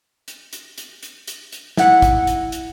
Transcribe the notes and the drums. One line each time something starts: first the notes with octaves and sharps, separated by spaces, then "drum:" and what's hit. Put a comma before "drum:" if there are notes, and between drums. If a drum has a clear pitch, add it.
drum: hi-hat
drum: hi-hat
drum: hi-hat
drum: hi-hat
drum: hi-hat
drum: hi-hat
E4 F#5, drum: snare
drum: kick, hi-hat
drum: hi-hat
drum: hi-hat